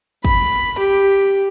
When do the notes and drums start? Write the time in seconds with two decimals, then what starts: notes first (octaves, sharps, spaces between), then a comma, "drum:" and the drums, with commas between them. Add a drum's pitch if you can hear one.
0.24 B5, drum: kick
0.78 G4